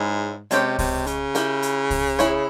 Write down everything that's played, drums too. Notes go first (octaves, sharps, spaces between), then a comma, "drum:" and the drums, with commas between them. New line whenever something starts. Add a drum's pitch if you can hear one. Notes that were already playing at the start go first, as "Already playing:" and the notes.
Already playing: G#2 G#3 C#4 E4
C3 G#3 C#4 G4 C#5, drum: hi-hat
C3, drum: kick C2, open hi-hat
C#3, drum: hi-hat
E4 G4 A#4, drum: hi-hat
drum: hi-hat
drum: kick C2, open hi-hat
E4 G#4 C#5, drum: hi-hat